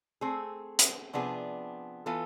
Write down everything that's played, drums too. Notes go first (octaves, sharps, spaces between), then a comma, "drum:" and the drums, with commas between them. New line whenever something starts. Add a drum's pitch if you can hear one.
A3 C4 G#4
drum: hi-hat
C3 F3 B3 D4 G#4
E3 B3 F4 A4